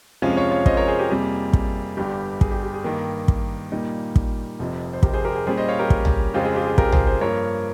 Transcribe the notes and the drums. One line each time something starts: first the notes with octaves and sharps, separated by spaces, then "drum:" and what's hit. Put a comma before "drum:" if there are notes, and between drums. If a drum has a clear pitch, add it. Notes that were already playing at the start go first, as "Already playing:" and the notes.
F2 C3 F3 G#3 C#4 F5 G#5
C#5 F5
C#5 F5
C5 D#5, drum: kick
A#4 C#5
G#4 C5
G4 A#4
F2 C3 G3 A#3 G#4
drum: kick
G1 G2 G3 G4
G#4, drum: kick
G4
G4
G#4
G2 D#3 A#3 G4
drum: kick
A#2 G3 A#3 D#4
drum: kick
F1 F2 C3 F3
C5
G4 A#4, drum: kick
G#4 C5
G4 A#4
G#4
A#2 G3 C#4 G#4 C5
C5 D#5
C#5 F5
G4 A#4
drum: kick
drum: tom
F2 C#3 G#3 C4 F4 G4
G#4
G4
G#4
G4 A#4, drum: kick
G#4 C5, drum: tom
G#4 C5
G2 F3 A#3 A#4 C#5